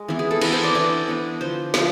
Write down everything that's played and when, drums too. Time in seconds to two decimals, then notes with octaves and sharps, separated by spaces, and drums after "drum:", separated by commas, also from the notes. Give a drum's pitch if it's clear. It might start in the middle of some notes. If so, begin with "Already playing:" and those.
Already playing: G#3
0.08 E3 B3 E4
0.19 G#4
0.31 A4
0.42 E3 B3 E4 B4, drum: cymbal
0.53 C5
0.63 D5
0.75 E3 B3 D4 D5
1.08 E3 B3 D4
1.41 D3 F3 B3 C5
1.74 D3 F3 B3, drum: snare